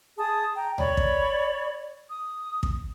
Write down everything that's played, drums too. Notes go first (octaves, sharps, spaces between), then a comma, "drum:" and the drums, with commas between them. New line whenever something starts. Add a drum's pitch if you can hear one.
G#4 A5 D#6
G5 A#5
C#5 D5 B5, drum: tom C#2
drum: kick
D#6
drum: kick